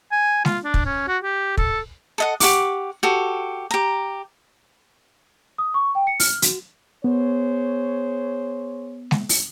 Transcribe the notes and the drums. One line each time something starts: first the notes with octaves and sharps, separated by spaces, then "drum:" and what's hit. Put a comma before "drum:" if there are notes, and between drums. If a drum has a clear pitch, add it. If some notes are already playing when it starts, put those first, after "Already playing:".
G#5
F4, drum: snare G#3
D4
drum: kick
C#4
F#4
G4
A4, drum: kick
A4 D#5 F#5
G4 F#5 C#6 D6, drum: open hi-hat
F#4 G4 A4
G4 A#5
D#6
C#6
G5
C#7
F6, drum: open hi-hat
F#4, drum: hi-hat
B3 G#4 C5 C#5
drum: snare G#3
drum: open hi-hat